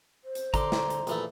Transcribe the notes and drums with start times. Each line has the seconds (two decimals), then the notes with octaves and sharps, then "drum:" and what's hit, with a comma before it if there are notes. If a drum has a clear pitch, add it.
0.25 C5
0.35 drum: hi-hat
0.54 D3 A#5 C6 D6, drum: kick G#1, hi-hat
0.72 drum: snare
0.90 drum: hi-hat
1.07 A#1 E3 A3, drum: hi-hat